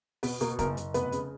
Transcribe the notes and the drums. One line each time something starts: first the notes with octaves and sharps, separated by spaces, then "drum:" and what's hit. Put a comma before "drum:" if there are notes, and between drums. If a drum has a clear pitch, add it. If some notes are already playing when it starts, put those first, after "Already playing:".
B2 B3 B4, drum: open hi-hat
B2 A#3 A#4, drum: hi-hat
F#1 A#3 A#4, drum: kick E1, hi-hat
F#1, drum: hi-hat
F1 B3 B4, drum: hi-hat
C#3, drum: hi-hat